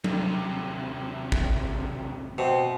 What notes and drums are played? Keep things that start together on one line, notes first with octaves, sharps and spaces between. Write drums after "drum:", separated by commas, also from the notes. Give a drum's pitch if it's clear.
D#2 C3, drum: tom F#3
drum: kick
B2 C4